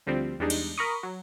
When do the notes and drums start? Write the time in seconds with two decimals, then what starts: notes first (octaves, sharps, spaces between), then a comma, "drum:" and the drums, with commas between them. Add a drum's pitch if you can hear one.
0.07 D2 F3 G3 C4
0.40 E2 G3 G#3 D4 D#4
0.50 drum: cymbal
0.78 A#4 A#5 B5 C#6 D#6
1.03 F#3